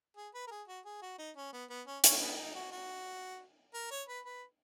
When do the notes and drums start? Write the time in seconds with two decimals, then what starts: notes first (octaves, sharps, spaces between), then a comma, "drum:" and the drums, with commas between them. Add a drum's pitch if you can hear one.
0.17 G#4
0.34 B4
0.47 A#4
0.51 G#4
0.68 F#4
0.85 G#4
1.02 F#4
1.19 D#4
1.36 C#4
1.53 B3
1.70 B3
1.87 C#4
2.04 C#4, drum: hi-hat
2.21 B3
2.39 D#4
2.55 F#4
2.71 F#4
3.74 A#4
3.91 C#5
4.08 B4
4.25 B4